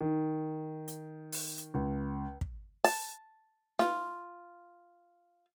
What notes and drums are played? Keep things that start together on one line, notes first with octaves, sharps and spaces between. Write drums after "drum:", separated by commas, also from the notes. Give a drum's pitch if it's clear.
D#3
drum: hi-hat
drum: open hi-hat
drum: hi-hat
C#2
drum: kick
A5, drum: open hi-hat
F4, drum: snare